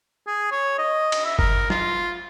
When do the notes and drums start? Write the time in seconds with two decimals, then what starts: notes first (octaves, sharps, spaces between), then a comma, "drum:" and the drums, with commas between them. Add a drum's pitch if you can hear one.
0.27 G#4
0.52 C#5
0.78 D#5
1.12 drum: cymbal
1.25 E5
1.39 A#4, drum: kick G1
1.70 F4, drum: snare